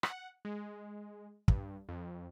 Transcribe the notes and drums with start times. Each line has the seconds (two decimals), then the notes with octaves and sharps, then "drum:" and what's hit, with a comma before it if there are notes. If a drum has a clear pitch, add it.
0.03 F#5, drum: rim click
0.45 G#3
1.48 G2, drum: kick
1.88 F2